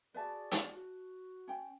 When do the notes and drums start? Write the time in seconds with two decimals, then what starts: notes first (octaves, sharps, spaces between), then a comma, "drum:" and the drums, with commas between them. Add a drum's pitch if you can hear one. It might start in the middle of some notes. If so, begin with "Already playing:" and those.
0.14 F#4 G#4 B4 D5 E5 A5
0.51 drum: hi-hat
0.72 F#4
1.48 C#4 G5